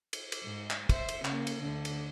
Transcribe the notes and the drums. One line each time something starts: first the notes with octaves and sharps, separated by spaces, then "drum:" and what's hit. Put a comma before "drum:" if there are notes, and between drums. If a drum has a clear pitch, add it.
drum: cymbal
drum: cymbal
G#2
drum: clap
C5 E5, drum: kick, cymbal
drum: cymbal
C#3 A#3, drum: clap
drum: cymbal
D2 D3
drum: cymbal